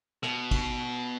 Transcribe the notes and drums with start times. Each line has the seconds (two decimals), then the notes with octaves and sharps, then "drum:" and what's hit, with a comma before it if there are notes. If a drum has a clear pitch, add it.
0.23 B2, drum: rim click
0.51 drum: kick, cymbal